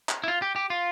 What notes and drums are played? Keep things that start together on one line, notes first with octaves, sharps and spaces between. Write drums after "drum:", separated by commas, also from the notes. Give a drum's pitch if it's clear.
drum: clap
E4
F4
G4
G4
F4